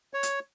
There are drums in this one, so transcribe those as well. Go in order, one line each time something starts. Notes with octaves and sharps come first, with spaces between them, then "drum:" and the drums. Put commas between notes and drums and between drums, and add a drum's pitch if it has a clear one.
C#5
drum: hi-hat